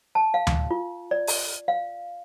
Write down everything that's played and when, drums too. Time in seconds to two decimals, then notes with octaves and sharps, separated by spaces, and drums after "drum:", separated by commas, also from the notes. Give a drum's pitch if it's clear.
0.15 A5
0.34 F5
0.47 drum: tom D2
0.71 F4
1.11 D5
1.27 drum: open hi-hat
1.68 F5